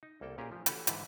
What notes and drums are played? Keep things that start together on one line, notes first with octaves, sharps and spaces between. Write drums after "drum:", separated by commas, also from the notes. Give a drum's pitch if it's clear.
D#4
C2 A#3 A4 G5
A#2 C#4 G4 G#4 A#4
F3 A3
E3 A3 C#4 F#4 G4 A4, drum: hi-hat
G#2 D3 E3 B4 E5 A5, drum: hi-hat